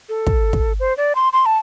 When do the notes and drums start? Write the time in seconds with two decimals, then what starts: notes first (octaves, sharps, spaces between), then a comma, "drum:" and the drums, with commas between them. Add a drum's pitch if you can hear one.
0.09 A4
0.27 drum: kick
0.53 drum: kick
0.80 C5
0.97 D5
1.15 C6
1.33 C6
1.46 A5